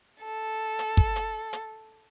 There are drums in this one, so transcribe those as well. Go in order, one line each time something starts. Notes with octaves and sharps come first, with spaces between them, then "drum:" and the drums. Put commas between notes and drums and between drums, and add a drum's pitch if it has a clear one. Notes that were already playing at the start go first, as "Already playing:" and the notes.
A4
drum: hi-hat
drum: kick
drum: hi-hat
drum: hi-hat